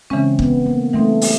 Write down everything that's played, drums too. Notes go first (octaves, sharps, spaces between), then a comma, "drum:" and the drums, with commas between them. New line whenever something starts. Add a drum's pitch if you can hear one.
C#3 E3 G#3 C4 C#4
B3, drum: kick
A#3
E3 G3 A3 C4 D#4
drum: open hi-hat